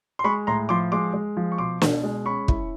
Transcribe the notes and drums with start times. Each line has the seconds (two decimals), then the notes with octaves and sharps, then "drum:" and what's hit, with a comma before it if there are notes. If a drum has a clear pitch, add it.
0.19 C6
0.24 G#3 B5 C#6
0.47 A2 A#5 C6
0.69 F3 C6 D6
0.92 G#3 C6 D6
1.13 G#3
1.37 F3
1.52 C#6
1.58 B2 C6 D6
1.82 B2, drum: snare
2.03 G#3
2.25 C#4 B5 C#6
2.48 E4, drum: kick